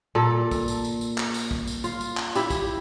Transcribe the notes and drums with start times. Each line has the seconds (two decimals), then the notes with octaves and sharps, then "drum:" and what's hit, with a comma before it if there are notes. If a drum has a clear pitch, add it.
0.15 A#2 A4
0.51 drum: kick, tambourine
0.68 drum: tambourine
0.85 drum: tambourine
1.01 drum: tambourine
1.18 drum: clap
1.34 drum: tambourine
1.51 drum: kick
1.67 drum: tambourine
1.84 F4, drum: tambourine
2.01 drum: tambourine
2.17 drum: clap
2.35 E4 G4, drum: tambourine
2.50 drum: kick, tambourine